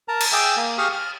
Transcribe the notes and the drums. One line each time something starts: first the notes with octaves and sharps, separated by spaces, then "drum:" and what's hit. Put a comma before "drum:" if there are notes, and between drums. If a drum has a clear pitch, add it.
A#4 A5 A#5
drum: cymbal
G#4 E5 G5 G#5 D6 E6
A#3
G4 G#4 F5 C#6 D#6 F6
F6